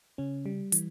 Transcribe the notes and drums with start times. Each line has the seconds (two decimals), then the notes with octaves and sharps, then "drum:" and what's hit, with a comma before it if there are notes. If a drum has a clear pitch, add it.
0.18 C#3 C#4
0.46 G3
0.72 E3, drum: hi-hat